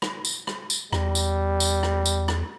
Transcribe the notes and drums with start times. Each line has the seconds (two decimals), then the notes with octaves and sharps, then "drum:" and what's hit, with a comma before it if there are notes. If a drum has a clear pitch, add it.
0.02 drum: rim click
0.25 drum: tambourine
0.47 drum: rim click
0.70 drum: tambourine
0.93 E2 G3, drum: rim click
1.15 drum: tambourine
1.60 drum: tambourine
1.83 drum: rim click
2.06 drum: tambourine
2.28 drum: rim click